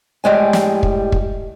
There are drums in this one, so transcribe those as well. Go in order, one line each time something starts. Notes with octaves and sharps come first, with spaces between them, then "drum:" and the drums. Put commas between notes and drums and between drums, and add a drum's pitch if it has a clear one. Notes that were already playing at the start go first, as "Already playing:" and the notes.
A2 G3 G#3 G#5
drum: snare
drum: kick
drum: kick